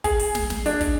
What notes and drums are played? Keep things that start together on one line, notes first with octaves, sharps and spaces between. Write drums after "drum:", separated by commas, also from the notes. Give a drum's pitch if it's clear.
G#4, drum: kick, hi-hat
drum: open hi-hat
drum: snare
drum: snare
D4, drum: hi-hat
drum: kick, hi-hat